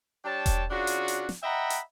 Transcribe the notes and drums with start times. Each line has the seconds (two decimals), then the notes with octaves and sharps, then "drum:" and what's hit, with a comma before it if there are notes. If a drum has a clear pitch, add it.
0.25 G3 D4 C#5 G5 A5
0.46 drum: kick E1, hi-hat
0.71 C#3 D4 F4 F#4
0.87 drum: hi-hat
1.08 drum: hi-hat
1.29 drum: snare
1.43 D#5 E5 F#5 G5 A#5 B5
1.70 drum: hi-hat